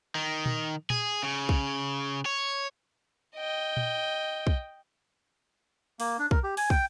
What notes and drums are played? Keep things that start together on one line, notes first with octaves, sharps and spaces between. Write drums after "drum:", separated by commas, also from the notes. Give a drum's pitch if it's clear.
D#3
drum: tom A#2
G#4, drum: tom A#2
C#3
drum: kick
C#5
D#5 G5
drum: tom A#2
drum: kick
A#3, drum: open hi-hat
D4
A#4, drum: kick
G4
G#5, drum: open hi-hat
G5, drum: kick